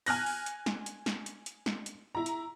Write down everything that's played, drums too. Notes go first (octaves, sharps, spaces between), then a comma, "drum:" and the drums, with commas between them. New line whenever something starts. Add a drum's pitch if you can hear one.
G#5 F6 F#6 A#6, drum: open hi-hat
drum: open hi-hat
drum: hi-hat
drum: snare
drum: hi-hat
drum: snare
drum: hi-hat
drum: hi-hat
drum: snare
drum: hi-hat
E4 A#5
drum: hi-hat